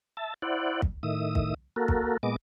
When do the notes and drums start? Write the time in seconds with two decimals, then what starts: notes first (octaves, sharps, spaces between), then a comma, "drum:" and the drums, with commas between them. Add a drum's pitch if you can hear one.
0.17 E5 A5
0.42 E4 C5 D5 F#5
0.82 drum: kick
1.03 A2 D#3 E5 D#6
1.35 drum: kick
1.76 A#3 F#4 A4 A#4
1.88 drum: kick
2.23 A#2 G#3 B3 D#5 D6